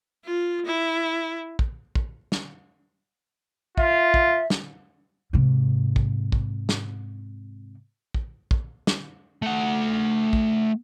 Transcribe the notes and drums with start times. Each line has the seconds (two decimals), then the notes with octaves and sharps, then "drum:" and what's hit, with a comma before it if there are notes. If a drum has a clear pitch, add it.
0.25 F4
0.65 E4
1.59 drum: kick
1.95 drum: kick
2.32 drum: snare
3.78 F4 E5, drum: kick
4.14 drum: kick
4.50 drum: snare
5.33 G#2 C3
5.96 drum: kick
6.32 drum: kick
6.69 drum: snare
8.14 drum: kick
8.51 drum: kick
8.87 drum: snare
9.42 A3 F#5
10.33 drum: kick